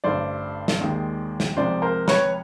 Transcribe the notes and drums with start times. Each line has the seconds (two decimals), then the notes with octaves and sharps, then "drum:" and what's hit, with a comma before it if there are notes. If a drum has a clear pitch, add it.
0.04 A1 G2 D3 C5 D5
0.68 drum: snare
0.81 D#2 D#3 G#3
1.40 drum: snare
1.57 C2 C3 F3 G#3 C5 D5
1.82 A#4 C5
2.08 B4 C#5, drum: snare